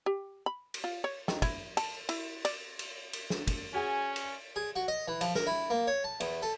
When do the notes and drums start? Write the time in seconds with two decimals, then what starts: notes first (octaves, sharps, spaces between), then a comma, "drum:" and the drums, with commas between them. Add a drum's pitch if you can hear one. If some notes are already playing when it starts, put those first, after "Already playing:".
0.06 G4
0.46 B5
0.74 drum: cymbal
0.84 F4
1.04 C#5
1.28 D#3, drum: snare
1.42 E4, drum: kick, cymbal
1.77 A5, drum: cymbal
2.09 E4, drum: cymbal
2.45 D5, drum: cymbal
2.79 drum: cymbal
3.13 drum: cymbal
3.30 drum: snare
3.47 drum: kick, cymbal
3.74 C#4 F#4 G#4 G#5
4.16 drum: cymbal
4.56 G#4
4.76 F#4
4.88 D#5
5.08 E3
5.21 F3, drum: cymbal
5.35 A#4, drum: snare
5.47 E4
5.70 A#3
5.87 C#5
6.04 A5
6.20 E2, drum: cymbal
6.42 A4